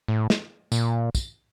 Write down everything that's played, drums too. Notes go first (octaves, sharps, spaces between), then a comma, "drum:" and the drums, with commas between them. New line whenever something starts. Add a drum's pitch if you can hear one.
A2
drum: snare
A#2, drum: tambourine
drum: kick, tambourine